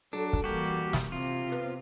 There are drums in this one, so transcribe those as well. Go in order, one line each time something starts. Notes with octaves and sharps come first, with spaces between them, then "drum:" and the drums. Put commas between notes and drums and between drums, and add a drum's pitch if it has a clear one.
F#3 D4 A4
drum: kick
E3 G3 A#3 F#4 G4
drum: snare
C3 F4
F3 B3